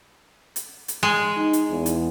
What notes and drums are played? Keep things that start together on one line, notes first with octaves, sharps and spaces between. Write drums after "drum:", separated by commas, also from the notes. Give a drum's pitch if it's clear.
drum: hi-hat
drum: hi-hat
G#3
D#4
drum: hi-hat
E2
drum: hi-hat